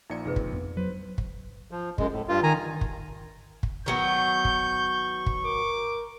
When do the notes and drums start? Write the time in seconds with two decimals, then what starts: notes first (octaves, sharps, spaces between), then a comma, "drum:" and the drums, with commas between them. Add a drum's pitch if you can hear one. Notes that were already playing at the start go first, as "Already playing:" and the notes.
0.10 A#1 A#2 D#4 D5 A#5 C#7
0.26 F#1 C3 D#4 G#4 B4
0.36 drum: kick
0.52 F2 B3 D4
0.77 F#3 B4 C5
1.18 drum: kick
1.71 F3
1.98 F#2 G#3, drum: kick
2.12 A2
2.28 G2 F4
2.43 D#3 G#5 A#5
2.81 drum: kick
3.63 drum: kick
3.86 D#3 F#3 B3 C#6 G6
4.45 drum: kick
5.26 drum: kick
5.45 A#4 D6